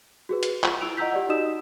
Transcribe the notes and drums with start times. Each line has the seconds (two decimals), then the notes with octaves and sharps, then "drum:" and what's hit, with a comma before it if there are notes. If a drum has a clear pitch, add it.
0.29 F#4 G#4 B4
0.43 drum: hi-hat
0.63 F4, drum: clap
0.81 E4 F4 E6 D7 F7
0.97 D#5 F#5 A#5 E6 G6 B6
1.12 G4 D5 F#5
1.29 D#4 F#4 D#5 D#6 E6 E7